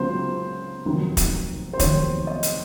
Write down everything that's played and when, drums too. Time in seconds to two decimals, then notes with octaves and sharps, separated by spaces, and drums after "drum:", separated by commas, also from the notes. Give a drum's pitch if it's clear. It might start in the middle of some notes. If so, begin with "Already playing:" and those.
Already playing: C#2 C#3 F#3 C5
0.85 F1 D#2 D#3 F#3
1.17 drum: kick, hi-hat
1.73 C5
1.79 F1 D#2 D#3 F#3 C#5, drum: kick, hi-hat
2.27 D#5
2.43 drum: hi-hat